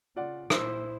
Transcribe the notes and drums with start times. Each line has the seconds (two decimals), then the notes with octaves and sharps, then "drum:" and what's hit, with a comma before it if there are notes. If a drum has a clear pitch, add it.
0.16 C#3 F4 D5 F#5
0.50 A#2 E4 C5 B5 C6 E6, drum: rim click